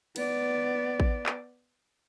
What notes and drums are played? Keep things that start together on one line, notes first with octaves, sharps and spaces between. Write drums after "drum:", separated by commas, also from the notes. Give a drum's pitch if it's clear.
B3 D5, drum: cymbal
drum: kick A1
drum: clap